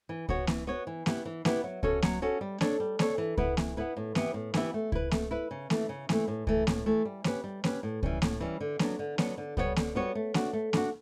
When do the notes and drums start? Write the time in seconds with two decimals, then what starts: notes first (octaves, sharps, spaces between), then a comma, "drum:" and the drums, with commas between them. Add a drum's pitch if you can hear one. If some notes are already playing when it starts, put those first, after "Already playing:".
0.09 E3
0.29 B3 F#4 C#5, drum: kick C#2
0.47 E3, drum: snare A#3
0.67 B3 F#4 C#5
0.87 E3
1.06 B3 E4 G4 B4, drum: snare A#3
1.25 E3
1.45 B3 E4 G4 B4, drum: snare A#3
1.64 F#3
1.83 C#4 F#4 A4 C#5, drum: kick C#2
2.02 F#3, drum: snare A#3
2.22 C#4 F#4 A4 C#5
2.41 G3
2.61 D4 A4 C#5, drum: snare A#3
2.80 G3
2.99 D4 A4 C#5, drum: snare A#3
3.18 E3
3.37 B3 E4 B4, drum: kick C#2
3.57 E3, drum: snare A#3
3.77 B3 E4 B4
3.97 A2
4.15 E3 B3 E4 G4, drum: snare A#3
4.34 A2
4.54 E3 B3 E4 G4, drum: snare A#3
4.74 A3
4.92 E4 B4, drum: kick C#2
5.11 A3, drum: snare A#3
5.31 E4 B4
5.51 C#3
5.70 E3 A3, drum: snare A#3
5.89 C#3
6.09 E3 A3, drum: snare A#3
6.28 A2
6.47 E3 A3, drum: kick C#2
6.67 A2, drum: snare A#3
6.86 E3 A3
7.05 G3
7.24 C#4 G4 B4, drum: snare A#3
7.44 G3
7.64 C#4 G4 B4, drum: snare A#3
7.83 A2
8.03 E3 G3 C#4, drum: kick C#2
8.22 A2, drum: snare A#3
8.40 E3 G3 C#4
8.61 D3
8.79 F#3 B3 D4, drum: snare A#3
8.99 D3
9.18 F#3 B3 D4, drum: snare A#3
9.38 D3
9.57 G3 B3 F#4 C#5, drum: kick C#2
9.76 D3, drum: snare A#3
9.95 G3 B3 F#4 C#5
10.15 A3
10.34 D4 F#4, drum: snare A#3
10.53 A3
10.73 D4 F#4, drum: snare A#3